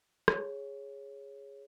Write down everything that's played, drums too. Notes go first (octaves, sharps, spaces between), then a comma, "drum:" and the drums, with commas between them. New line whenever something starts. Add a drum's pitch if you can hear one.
G#4 C#5, drum: rim click